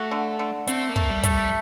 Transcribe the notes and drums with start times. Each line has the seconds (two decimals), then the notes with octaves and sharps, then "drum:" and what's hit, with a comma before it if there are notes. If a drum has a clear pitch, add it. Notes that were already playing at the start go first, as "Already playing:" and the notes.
Already playing: A3 F#4
0.11 D3
0.39 D3
0.67 A3 C4, drum: hi-hat
0.89 A#3
0.96 A3, drum: kick
1.10 G3
1.23 A3, drum: kick, hi-hat
1.30 G3